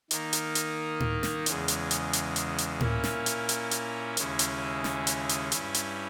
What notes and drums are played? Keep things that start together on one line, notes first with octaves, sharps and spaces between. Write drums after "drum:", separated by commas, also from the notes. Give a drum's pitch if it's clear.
D#3 A#3 D#4, drum: hi-hat
drum: hi-hat
drum: hi-hat
drum: tom A2
drum: snare
E2 C#3 G#3, drum: hi-hat
drum: hi-hat
drum: hi-hat
drum: hi-hat
drum: hi-hat
drum: hi-hat
A#2 A#3 C#4 E4, drum: tom A2
drum: snare
drum: hi-hat
drum: hi-hat
drum: hi-hat
D#2 C#3 G#3 C#4 E4, drum: hi-hat
drum: hi-hat
drum: snare
drum: hi-hat
drum: hi-hat
G2 G3 C#4 E4, drum: hi-hat
drum: hi-hat